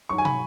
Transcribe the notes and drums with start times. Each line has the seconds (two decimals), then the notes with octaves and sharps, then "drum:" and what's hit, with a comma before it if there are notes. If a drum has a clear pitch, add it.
0.09 G#2 F#3 C#6
0.18 G#5
0.25 B5, drum: tom